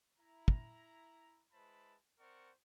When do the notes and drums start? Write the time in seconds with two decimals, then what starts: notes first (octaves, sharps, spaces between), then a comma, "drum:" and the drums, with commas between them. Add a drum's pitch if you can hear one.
0.18 E4 A#5
0.48 drum: kick
1.53 G#3 E4 B4 C5 A5 B5
2.19 C4 A#4 C5 D5 F#5 C#6